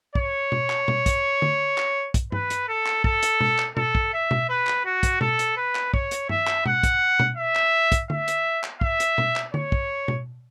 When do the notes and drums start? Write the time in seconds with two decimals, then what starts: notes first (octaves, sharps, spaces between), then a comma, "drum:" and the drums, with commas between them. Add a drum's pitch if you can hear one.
0.15 C#5, drum: kick
0.52 drum: tom B2
0.70 drum: clap
0.88 drum: tom B2
1.06 drum: kick, hi-hat
1.42 drum: tom D3
1.78 drum: clap
2.14 drum: kick, hi-hat
2.32 B4, drum: tom G2
2.50 drum: hi-hat
2.68 A4
2.86 drum: clap
3.04 A4, drum: kick
3.23 drum: hi-hat
3.41 drum: tom B2
3.59 drum: clap
3.77 A4, drum: tom B2
3.95 drum: kick
4.13 E5
4.31 drum: tom B2
4.49 B4
4.67 drum: clap
4.85 F#4
5.03 drum: kick, hi-hat
5.21 A4, drum: tom B2
5.39 drum: hi-hat
5.57 B4
5.75 drum: clap
5.94 C#5, drum: kick
6.11 drum: hi-hat
6.29 E5, drum: tom G2
6.47 drum: clap
6.66 F#5, drum: tom B2
6.83 drum: kick, hi-hat
7.20 drum: tom B2
7.37 E5
7.56 drum: clap
7.92 drum: kick, hi-hat
8.10 E5, drum: tom D3
8.28 drum: hi-hat
8.64 drum: clap
8.81 E5, drum: kick
9.00 drum: hi-hat
9.18 drum: tom B2
9.36 drum: clap
9.54 C#5, drum: tom D3
9.72 drum: kick
10.08 drum: tom B2